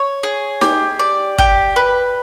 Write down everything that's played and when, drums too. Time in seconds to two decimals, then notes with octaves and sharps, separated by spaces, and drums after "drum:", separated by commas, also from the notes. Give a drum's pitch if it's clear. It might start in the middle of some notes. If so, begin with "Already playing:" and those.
Already playing: C#5
0.23 G#4
0.61 G4, drum: snare D#4
0.99 D5
1.38 G4, drum: kick
1.76 B4